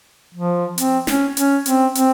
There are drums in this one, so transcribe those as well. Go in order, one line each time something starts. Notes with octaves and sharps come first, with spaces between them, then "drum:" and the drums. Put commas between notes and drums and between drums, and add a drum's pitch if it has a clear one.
F3
C4, drum: hi-hat
C#4, drum: snare
C#4, drum: hi-hat
C4, drum: hi-hat
C4, drum: hi-hat